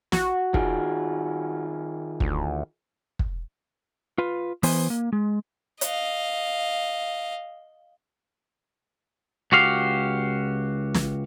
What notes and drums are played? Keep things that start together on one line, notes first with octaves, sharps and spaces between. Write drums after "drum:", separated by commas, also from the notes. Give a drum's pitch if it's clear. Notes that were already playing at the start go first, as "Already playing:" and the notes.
F#4, drum: snare
D#3 F4 G#4, drum: kick
D2, drum: kick
drum: kick
F4 B4
E3 B3 B4 C5 G#5, drum: open hi-hat
A#3
G#3
D#5 F5, drum: hi-hat
C#2 F#4 G4 F5
drum: snare